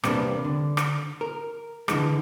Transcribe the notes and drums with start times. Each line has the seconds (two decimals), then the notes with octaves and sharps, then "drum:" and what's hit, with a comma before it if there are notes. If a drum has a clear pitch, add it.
0.04 E2 C3 G3 A#3 D4 B4, drum: rim click
0.44 D3
0.77 drum: rim click
1.21 A#4
1.88 D3 E3 G#3, drum: rim click